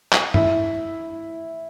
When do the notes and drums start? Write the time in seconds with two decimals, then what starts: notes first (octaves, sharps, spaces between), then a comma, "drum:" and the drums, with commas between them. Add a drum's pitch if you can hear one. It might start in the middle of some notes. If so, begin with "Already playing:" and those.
0.13 drum: clap
0.34 E4, drum: tom G2